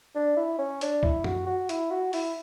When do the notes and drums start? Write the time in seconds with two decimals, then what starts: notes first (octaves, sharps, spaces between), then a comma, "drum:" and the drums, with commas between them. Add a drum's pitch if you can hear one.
0.15 D4
0.37 E4
0.58 C#4
0.81 D4, drum: hi-hat
1.03 E4, drum: kick
1.24 F#4, drum: tom F#2
1.46 F#4
1.69 E4, drum: hi-hat
1.91 F#4
2.13 E4, drum: open hi-hat